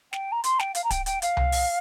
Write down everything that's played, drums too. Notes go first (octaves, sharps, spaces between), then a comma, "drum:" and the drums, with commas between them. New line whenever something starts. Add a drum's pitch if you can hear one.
G5, drum: snare
A#5
C6, drum: hi-hat
G5, drum: snare
F5, drum: hi-hat
A#5
G5, drum: kick D1, hi-hat
G5, drum: hi-hat
F5, drum: hi-hat
drum: tom C2
drum: open hi-hat